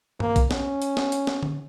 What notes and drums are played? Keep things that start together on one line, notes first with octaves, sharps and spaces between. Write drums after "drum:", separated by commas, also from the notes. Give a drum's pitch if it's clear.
A#3, drum: tom G2
drum: kick A#1, hi-hat
C#4, drum: snare
drum: hi-hat
drum: snare
drum: hi-hat
drum: snare
drum: tom